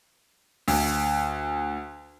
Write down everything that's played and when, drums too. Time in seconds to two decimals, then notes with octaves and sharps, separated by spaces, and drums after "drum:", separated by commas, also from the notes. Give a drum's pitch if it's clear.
0.68 D2, drum: open hi-hat